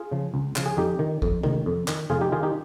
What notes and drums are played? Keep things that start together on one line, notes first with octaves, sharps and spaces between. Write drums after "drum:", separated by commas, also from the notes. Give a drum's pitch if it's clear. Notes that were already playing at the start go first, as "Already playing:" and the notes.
Already playing: F4 G#4
C#3 F3
C#2
C#3 F3, drum: clap
G#4
F2 D#4 G4
D#3
F2, drum: kick
D#3, drum: tom C3
F2
D#3, drum: clap
F2 F4 G#4, drum: tom C3
D#4 G4
D#3 F4 G#4
D#4 G4